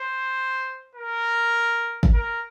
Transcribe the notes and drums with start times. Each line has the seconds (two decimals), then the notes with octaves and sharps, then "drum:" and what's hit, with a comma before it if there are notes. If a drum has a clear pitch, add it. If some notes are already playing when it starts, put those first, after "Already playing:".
Already playing: C5
0.95 A#4
2.03 drum: kick
2.14 A#4